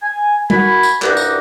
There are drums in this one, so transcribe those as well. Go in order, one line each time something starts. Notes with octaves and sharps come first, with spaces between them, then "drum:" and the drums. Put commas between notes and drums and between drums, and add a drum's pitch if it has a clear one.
G#5
F#4 A#4 G#5 B5, drum: tom G3
drum: tambourine
C2 G2 D#4 F#4 D6, drum: clap
drum: tambourine